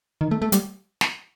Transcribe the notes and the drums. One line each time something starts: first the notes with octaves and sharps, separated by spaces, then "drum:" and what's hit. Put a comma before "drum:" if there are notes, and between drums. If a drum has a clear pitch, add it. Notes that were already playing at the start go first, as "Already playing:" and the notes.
D#3
A3
A3
G3, drum: hi-hat
drum: snare